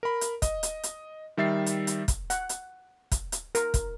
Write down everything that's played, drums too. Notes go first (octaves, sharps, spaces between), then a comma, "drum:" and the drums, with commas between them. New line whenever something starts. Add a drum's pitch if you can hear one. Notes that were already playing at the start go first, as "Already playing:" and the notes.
A#4 B5
drum: hi-hat
D#5, drum: kick, hi-hat
drum: hi-hat
drum: hi-hat
D#3 G3 E5 A6 C7
drum: hi-hat
drum: hi-hat
drum: kick, hi-hat
F#5, drum: hi-hat
drum: hi-hat
drum: kick, hi-hat
drum: hi-hat
A#4, drum: hi-hat
drum: kick, hi-hat